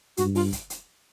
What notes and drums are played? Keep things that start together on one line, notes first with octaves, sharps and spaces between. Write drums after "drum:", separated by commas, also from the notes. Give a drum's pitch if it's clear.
G2 F#4, drum: hi-hat
F4, drum: open hi-hat
drum: kick, hi-hat
drum: hi-hat